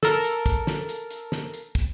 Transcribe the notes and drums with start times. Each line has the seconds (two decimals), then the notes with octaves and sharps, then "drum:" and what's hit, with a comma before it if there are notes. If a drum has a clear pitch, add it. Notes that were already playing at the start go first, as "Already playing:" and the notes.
0.03 A4 A#4, drum: snare
0.24 drum: hi-hat
0.46 drum: kick, hi-hat
0.67 drum: snare
0.89 drum: hi-hat
1.10 drum: hi-hat
1.32 drum: snare
1.53 drum: hi-hat
1.75 drum: kick, hi-hat